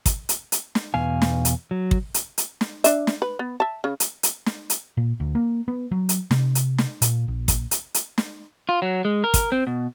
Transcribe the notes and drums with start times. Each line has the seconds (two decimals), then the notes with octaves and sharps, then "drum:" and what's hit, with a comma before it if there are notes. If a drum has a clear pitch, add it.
0.06 drum: kick, hi-hat
0.29 drum: hi-hat
0.52 drum: hi-hat
0.75 drum: snare
0.94 E2 B2 F5 G#5
1.22 drum: snare
1.45 drum: hi-hat
1.71 F#3
1.91 drum: kick
2.14 drum: hi-hat
2.38 drum: hi-hat
2.61 drum: snare
2.84 D4 E5, drum: hi-hat
3.07 drum: snare
3.22 B4
3.39 B3
3.60 E5 A5
3.84 C#3
4.00 drum: hi-hat
4.23 drum: hi-hat
4.46 drum: snare
4.70 drum: hi-hat
4.97 A#2
5.20 D2
5.35 A#3
5.68 B3
5.92 F#3
6.09 drum: hi-hat
6.31 C3, drum: snare
6.55 drum: hi-hat
6.78 drum: snare
7.02 A#2, drum: hi-hat
7.28 A#1
7.48 drum: kick, hi-hat
7.71 drum: hi-hat
7.94 drum: hi-hat
8.18 drum: snare
8.69 F4
8.82 F#3
9.05 G#3
9.24 A#4
9.34 drum: kick, hi-hat
9.52 C4
9.67 B2